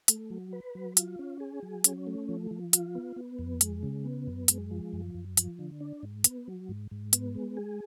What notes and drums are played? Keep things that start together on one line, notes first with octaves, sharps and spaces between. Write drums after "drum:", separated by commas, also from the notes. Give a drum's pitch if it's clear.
A3, drum: hi-hat
F#3
B4
F#3
F4, drum: hi-hat
C#4
G#4
F#3
C#4, drum: hi-hat
A3
F3
F3
F4, drum: hi-hat
B3
B3
F2
G#3, drum: hi-hat
C#3
B3
F#2
G#3, drum: hi-hat
F3
F#2
F#2
F3, drum: hi-hat
D3
D4
G#2
B3, drum: hi-hat
F#3
G#2
G#2
B3, drum: hi-hat
G#3
G#4